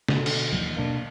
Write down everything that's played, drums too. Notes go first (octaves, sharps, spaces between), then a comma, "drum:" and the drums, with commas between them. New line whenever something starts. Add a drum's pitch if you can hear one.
B2 D3, drum: snare
drum: cymbal
D#2 E3 F#3
B2 A3 A#3 D4